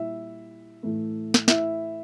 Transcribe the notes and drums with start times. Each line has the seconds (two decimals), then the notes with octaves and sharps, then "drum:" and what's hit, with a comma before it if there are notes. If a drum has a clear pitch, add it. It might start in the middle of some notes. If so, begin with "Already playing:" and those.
Already playing: A#2 G3 E4 E5
0.83 A2 E3 A3
1.34 drum: snare
1.48 E4 E5, drum: snare